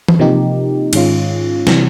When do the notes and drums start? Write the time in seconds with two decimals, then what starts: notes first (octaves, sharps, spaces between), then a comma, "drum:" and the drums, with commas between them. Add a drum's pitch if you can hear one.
0.08 drum: tom E3
0.19 C3 F3 A#3 D#4 G4
0.93 G#2 D#3 G#3 C#4 F4, drum: cymbal
1.67 C3 E3 G3, drum: snare